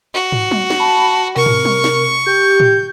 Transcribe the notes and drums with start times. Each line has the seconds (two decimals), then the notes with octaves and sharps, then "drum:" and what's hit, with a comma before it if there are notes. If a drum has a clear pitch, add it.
0.13 F#4
0.32 drum: tom
0.51 drum: tom F#3
0.70 drum: snare
0.80 A5 B5
1.36 C3 A#4 C#6
1.46 drum: tom
1.65 drum: tom F#3
1.84 drum: snare
2.26 G4 G6
2.60 drum: tom A2